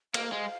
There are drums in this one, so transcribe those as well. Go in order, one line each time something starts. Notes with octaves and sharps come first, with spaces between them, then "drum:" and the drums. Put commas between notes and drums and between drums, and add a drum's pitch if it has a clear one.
A#3 F5, drum: cymbal
G#3